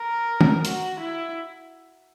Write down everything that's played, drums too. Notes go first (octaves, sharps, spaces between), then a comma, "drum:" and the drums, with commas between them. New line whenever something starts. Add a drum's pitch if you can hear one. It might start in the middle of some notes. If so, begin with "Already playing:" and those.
Already playing: A#4
drum: tom
F#4, drum: hi-hat
E4